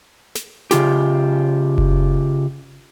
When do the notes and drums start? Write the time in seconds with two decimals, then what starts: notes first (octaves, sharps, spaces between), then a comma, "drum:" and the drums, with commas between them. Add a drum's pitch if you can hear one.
0.35 drum: snare
0.71 C#3 F4 G4, drum: snare
1.78 drum: kick F#1